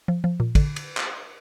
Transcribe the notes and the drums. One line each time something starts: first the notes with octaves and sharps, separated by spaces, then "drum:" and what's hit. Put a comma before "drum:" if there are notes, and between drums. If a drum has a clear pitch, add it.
F3
F3
A#2
D3, drum: kick, cymbal
drum: cymbal
drum: clap